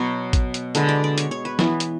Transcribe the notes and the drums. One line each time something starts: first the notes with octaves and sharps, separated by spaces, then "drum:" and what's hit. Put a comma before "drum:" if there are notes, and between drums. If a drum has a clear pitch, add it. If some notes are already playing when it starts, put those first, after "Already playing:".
Already playing: B2 F#3 B3 C#5
drum: kick A1, hi-hat
drum: hi-hat
D3 G#3 B3 B4, drum: hi-hat
D5
D5
C#5, drum: hi-hat
C#5
B4
E3 B3, drum: snare
drum: hi-hat